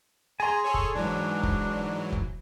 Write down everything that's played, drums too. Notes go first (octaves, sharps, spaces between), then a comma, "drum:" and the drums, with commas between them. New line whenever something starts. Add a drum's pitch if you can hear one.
G#4 G#5 A#5 C6
G#4 A4 C#5
drum: kick F1
G#2 E3 F#3 D4
drum: kick F1
drum: kick F1